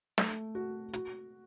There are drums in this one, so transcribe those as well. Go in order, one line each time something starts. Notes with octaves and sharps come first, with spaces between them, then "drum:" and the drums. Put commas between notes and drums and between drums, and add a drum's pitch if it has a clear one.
A3, drum: snare
F#4
F#4, drum: hi-hat